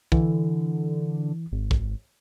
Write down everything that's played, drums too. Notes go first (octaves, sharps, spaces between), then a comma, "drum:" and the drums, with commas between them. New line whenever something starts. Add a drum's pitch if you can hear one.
D3 E3, drum: kick
G#1
drum: kick